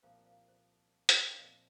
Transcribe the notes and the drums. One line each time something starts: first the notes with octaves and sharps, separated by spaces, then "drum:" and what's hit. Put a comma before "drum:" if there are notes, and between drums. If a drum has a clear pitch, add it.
C2 A#2 F3 A#3 C5 F5
C5 F5
C5
drum: hi-hat
G5
F5
A#2 F3 C4 A#4 D#5